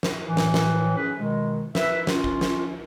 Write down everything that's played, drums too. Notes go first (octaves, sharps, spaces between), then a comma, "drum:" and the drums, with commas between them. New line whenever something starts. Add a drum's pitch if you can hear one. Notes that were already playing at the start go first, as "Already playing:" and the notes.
drum: snare
A2 E3
drum: snare
drum: snare
C#4 G#4 B4
B2 D#3 G#3
B4 E5, drum: snare
C#4 F4, drum: snare
drum: kick A1
drum: snare